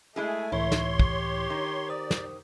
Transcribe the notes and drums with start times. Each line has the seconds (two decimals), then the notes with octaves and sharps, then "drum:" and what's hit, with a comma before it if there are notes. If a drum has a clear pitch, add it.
0.16 G#3 A3 E4 G#4 G#5
0.52 C#2 A2 E3 E4 C#5 C6
0.72 drum: snare
0.89 G4
0.99 drum: kick
1.50 D#3
1.89 C5 D5 D#6
2.11 drum: snare